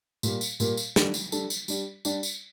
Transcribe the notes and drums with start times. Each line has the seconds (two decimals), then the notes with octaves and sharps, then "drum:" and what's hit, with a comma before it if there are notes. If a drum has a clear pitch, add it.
0.23 A#2 G3 A#3, drum: tambourine
0.41 drum: tambourine
0.60 A#2 G3 A#3, drum: tambourine
0.77 drum: tambourine
0.96 G3 D4 A4, drum: snare
1.14 drum: tambourine
1.32 G3 D4 A4, drum: tambourine
1.50 drum: tambourine
1.68 G3 D4 G4 D5, drum: tambourine
2.05 G3 D4 G4 D5, drum: tambourine
2.23 drum: tambourine